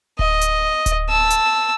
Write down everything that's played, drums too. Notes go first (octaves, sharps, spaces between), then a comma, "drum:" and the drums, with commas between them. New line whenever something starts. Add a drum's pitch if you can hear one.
D#5, drum: kick D1
drum: hi-hat
drum: kick D1, hi-hat
A5 E6
drum: hi-hat